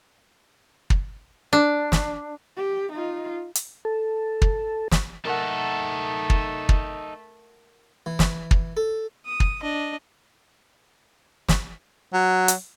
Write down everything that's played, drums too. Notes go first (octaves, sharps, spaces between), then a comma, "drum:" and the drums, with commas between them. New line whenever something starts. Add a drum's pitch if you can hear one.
drum: kick
D4
drum: snare
G4
D#4 F4
drum: hi-hat
A4
drum: kick
drum: snare
A3 D#4 A4 A#4 F#5
drum: kick
drum: kick
E3
drum: snare
drum: kick
A4
D#6
drum: kick
D4 D#5
drum: snare
F#3
drum: hi-hat